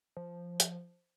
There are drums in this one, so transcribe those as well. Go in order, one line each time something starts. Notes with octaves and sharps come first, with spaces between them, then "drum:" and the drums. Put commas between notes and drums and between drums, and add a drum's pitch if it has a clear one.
F3
drum: hi-hat